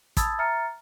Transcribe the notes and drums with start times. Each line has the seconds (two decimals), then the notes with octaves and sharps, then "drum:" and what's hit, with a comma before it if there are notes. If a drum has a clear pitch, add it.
0.17 A5 B5 D#6 E6 G#6 A6, drum: kick, hi-hat
0.38 E5 A#5 F6 A6 C#7